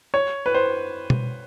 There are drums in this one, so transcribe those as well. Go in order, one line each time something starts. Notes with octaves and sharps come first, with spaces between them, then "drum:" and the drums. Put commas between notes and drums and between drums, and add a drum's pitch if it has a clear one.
C#5
B4
C5
drum: tom B2